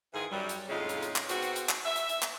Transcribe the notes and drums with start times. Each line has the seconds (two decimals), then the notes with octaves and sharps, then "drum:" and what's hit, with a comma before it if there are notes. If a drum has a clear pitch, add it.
0.14 G#2 D#3 E3 F4 G#4
0.31 F#2 G3
0.49 drum: hi-hat
0.69 F2 A2 C#3 G#3 D#4 F4
0.89 drum: hi-hat
1.02 drum: hi-hat
1.16 drum: clap
1.29 G#2 B3 C4 F#4, drum: hi-hat
1.42 drum: hi-hat
1.56 drum: hi-hat
1.69 drum: clap
1.86 E5
1.96 drum: hi-hat
2.09 drum: hi-hat
2.22 drum: clap